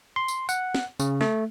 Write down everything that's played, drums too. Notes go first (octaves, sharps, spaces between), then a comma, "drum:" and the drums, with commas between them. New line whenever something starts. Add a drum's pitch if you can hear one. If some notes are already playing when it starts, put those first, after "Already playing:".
C6
drum: tambourine
F#5, drum: tambourine
drum: snare
C#3, drum: tambourine
A3, drum: snare